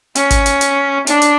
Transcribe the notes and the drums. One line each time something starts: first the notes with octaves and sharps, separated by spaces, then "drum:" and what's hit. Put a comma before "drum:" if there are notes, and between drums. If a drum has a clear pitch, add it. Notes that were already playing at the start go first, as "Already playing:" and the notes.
C#4, drum: hi-hat
drum: kick, hi-hat
drum: hi-hat
drum: hi-hat
D4, drum: hi-hat
drum: hi-hat